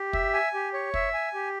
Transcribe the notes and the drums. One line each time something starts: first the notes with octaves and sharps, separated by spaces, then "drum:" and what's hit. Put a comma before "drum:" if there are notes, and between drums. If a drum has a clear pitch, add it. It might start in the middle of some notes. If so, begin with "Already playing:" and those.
Already playing: G4
E5, drum: kick
G#5
G4
C#5
E5, drum: kick
G#5
G4